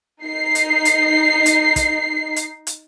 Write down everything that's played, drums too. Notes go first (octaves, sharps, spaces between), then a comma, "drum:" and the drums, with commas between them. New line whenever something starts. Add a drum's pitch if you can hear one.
D#4 C7
drum: hi-hat
drum: hi-hat
drum: hi-hat
drum: kick, hi-hat
drum: hi-hat
drum: hi-hat